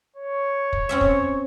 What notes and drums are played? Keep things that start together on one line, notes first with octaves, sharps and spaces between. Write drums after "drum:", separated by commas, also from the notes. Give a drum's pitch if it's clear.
C#5
drum: kick
C4 C#4 E5
drum: kick